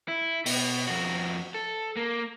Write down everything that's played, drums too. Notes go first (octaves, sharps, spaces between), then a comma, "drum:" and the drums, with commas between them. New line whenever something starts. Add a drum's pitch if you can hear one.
E4
B2, drum: open hi-hat
F2 F#4
A4
A#3